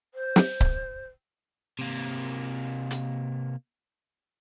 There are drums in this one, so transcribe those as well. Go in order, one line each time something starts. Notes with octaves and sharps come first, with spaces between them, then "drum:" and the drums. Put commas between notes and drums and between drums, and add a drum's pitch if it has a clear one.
C5
drum: snare
drum: kick C#1
C3 A#3
drum: hi-hat